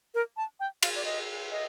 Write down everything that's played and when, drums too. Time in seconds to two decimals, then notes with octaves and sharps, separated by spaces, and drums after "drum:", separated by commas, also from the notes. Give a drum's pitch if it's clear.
0.15 A#4
0.37 A5
0.60 G5
0.83 F5, drum: cymbal
0.95 D5
1.05 D#5
1.51 D#5